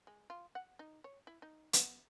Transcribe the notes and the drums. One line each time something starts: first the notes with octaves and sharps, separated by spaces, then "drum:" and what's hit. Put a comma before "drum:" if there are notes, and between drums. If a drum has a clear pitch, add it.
G#3
F4
F#5
D#4
C#5
E4
D#4
B3, drum: hi-hat